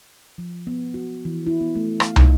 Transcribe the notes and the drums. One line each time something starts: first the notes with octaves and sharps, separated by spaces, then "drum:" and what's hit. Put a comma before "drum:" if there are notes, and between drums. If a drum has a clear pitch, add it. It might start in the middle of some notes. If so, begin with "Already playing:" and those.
F3
B3
F#4
E3
E4
B3
A3
F5, drum: rim click
D#4, drum: tom